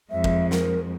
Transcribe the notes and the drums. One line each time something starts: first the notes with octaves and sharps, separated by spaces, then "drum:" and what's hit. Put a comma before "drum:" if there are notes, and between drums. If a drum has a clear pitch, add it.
F2 G#3 E5
drum: kick
A#4, drum: snare